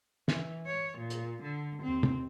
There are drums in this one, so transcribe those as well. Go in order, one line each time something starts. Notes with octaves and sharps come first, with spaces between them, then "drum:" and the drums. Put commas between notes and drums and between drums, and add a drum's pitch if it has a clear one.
E3, drum: snare
C#5
A#2
drum: hi-hat
D3
D#2 C4
drum: tom